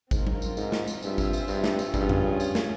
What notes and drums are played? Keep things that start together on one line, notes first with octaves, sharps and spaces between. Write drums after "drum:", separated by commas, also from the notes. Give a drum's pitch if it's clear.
G#2 C4 F4 A#4, drum: kick G#1, tambourine
drum: tom F#3
drum: tambourine
G#2, drum: tambourine
drum: snare
drum: tambourine
G2 C4 F4 G#4 E5, drum: tambourine
drum: kick G#1, tambourine
drum: tambourine
G2, drum: tambourine
drum: snare
drum: tambourine
G2 C#4 F4 G#4, drum: kick G#1, tambourine
drum: tom F2
drum: tambourine
drum: snare